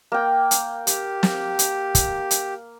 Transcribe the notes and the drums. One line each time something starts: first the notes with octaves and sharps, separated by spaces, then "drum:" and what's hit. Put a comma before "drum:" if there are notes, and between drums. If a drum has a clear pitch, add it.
A#3 G5
drum: hi-hat
G4, drum: hi-hat
drum: snare
drum: hi-hat
drum: kick, hi-hat
drum: hi-hat